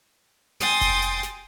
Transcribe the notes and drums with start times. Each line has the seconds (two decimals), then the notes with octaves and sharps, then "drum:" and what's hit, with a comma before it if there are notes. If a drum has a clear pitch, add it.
0.60 G5 G#5 C6 D#6 G6 A6, drum: snare
0.81 drum: kick F1, hi-hat
1.02 drum: hi-hat
1.23 drum: snare